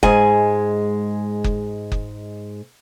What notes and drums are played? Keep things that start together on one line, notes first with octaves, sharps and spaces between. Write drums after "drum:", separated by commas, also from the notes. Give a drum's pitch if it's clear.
G#2 G#3 G#5, drum: kick F#1
drum: kick F#1
drum: kick F#1